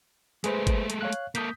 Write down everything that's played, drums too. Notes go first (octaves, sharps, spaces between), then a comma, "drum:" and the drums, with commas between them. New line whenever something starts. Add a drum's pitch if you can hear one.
G#3 A3 G#4 B4 C5, drum: hi-hat
drum: kick G1, hi-hat
drum: hi-hat
C#5 F5 F#6
drum: hi-hat
A#3 A4 D#6 G6 B6, drum: hi-hat